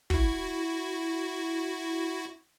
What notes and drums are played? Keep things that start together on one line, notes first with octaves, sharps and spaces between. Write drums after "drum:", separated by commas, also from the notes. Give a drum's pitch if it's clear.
E4 F#4, drum: kick